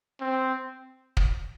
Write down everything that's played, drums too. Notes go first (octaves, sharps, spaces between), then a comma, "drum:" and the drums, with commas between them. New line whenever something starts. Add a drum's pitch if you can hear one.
C4
drum: kick